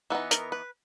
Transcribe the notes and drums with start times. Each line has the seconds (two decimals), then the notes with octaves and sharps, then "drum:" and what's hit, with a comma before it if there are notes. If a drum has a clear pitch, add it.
0.10 E3 B3 D#4
0.31 A#4, drum: hi-hat
0.52 B4